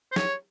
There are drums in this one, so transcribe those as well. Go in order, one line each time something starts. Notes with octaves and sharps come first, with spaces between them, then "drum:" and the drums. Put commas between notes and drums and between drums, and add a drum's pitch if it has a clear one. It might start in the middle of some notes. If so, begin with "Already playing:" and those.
C5
C#5, drum: snare